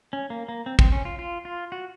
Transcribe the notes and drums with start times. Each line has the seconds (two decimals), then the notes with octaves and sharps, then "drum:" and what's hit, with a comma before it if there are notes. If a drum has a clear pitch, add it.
0.13 C#4
0.30 A#3
0.49 A#3
0.66 C4
0.79 C4, drum: kick
0.92 C#4
1.05 F4
1.19 F4
1.45 F4
1.72 F#4